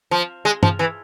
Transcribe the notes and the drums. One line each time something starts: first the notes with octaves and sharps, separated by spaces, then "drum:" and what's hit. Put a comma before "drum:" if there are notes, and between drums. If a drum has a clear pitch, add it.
F3
G#3
F3, drum: tom
E3